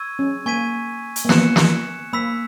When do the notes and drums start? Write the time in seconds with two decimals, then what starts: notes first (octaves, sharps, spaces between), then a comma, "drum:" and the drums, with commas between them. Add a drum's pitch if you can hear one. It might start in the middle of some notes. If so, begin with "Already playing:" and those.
Already playing: C#6 E6 G#6 D#7
0.19 C#4
0.46 A#3 G#5 C#6 G#6 B6 D#7
1.16 drum: hi-hat
1.25 A#3
1.29 B3 F#6 C#7 E7, drum: snare
1.56 drum: snare
2.13 A#3 B5 E6 B6